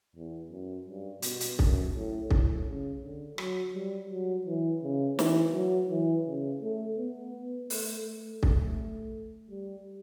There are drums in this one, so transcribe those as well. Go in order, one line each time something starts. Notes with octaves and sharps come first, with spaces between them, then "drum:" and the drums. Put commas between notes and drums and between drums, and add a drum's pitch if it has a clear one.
E2
F#2
G2
B2, drum: hi-hat
drum: hi-hat
F#2, drum: kick
A2
A2, drum: kick
C#3
D3
F#3, drum: rim click
G3
F#3
E3
C#3
E3, drum: snare
F#3
E3
C#3
A3
B3
A3, drum: open hi-hat
A3
A3, drum: kick
G3